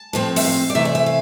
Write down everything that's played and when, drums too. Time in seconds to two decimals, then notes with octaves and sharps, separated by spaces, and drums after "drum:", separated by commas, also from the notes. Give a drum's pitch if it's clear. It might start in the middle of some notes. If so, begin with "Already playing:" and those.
Already playing: A5
0.13 A2 F3 C4
0.36 E5, drum: open hi-hat
0.45 F5
0.70 D5
0.75 C3 E3 A3 E5
0.85 D5
0.95 E5
1.06 F5